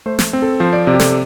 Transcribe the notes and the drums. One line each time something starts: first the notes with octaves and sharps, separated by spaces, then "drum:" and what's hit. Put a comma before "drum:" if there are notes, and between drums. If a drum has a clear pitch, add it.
A3 C5
drum: snare
C4
A4
F3 C5
D5
C3 D5
G4
A4, drum: snare